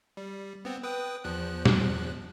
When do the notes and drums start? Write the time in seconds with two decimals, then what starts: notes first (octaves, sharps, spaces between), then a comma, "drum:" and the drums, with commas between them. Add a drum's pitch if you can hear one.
0.17 G3
0.65 B3 C4
0.83 B4 G5 D#6
1.24 E2 F3 F#6
1.65 drum: snare